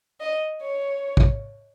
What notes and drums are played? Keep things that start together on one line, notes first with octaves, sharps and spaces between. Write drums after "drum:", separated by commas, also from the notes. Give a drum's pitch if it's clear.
D#5
C#5
drum: kick